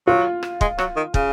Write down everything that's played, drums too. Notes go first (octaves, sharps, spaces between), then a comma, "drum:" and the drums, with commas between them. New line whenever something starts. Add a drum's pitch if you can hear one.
F#3 F4
drum: rim click
G#3, drum: kick
F#3, drum: rim click
D#3
C#3, drum: kick